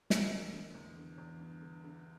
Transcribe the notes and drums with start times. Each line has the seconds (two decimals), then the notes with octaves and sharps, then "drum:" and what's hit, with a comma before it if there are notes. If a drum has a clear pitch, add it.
0.10 D3 A#4, drum: snare
0.32 E2
0.53 D3
0.74 E2
0.97 D3
1.18 E2
1.39 G2
1.62 D3
1.84 D3